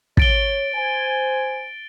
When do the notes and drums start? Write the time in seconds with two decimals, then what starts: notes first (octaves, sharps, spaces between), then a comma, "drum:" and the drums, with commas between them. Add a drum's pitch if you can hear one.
0.17 C#5 A6 D7 G7, drum: kick
0.74 C5 G#5